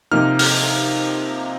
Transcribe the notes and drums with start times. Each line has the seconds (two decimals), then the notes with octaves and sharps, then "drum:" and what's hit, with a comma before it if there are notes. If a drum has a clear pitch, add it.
0.12 C3 F3 A#3 D#4 F6
0.39 F6, drum: open hi-hat